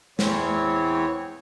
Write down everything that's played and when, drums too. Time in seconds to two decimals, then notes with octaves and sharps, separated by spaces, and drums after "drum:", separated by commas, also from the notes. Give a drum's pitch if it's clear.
0.19 E2 E3 C4 C#5, drum: snare